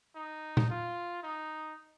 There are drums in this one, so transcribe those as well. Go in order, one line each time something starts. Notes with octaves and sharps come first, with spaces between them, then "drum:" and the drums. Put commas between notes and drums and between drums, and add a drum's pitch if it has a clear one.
D#4
drum: tom A#2
F4
D#4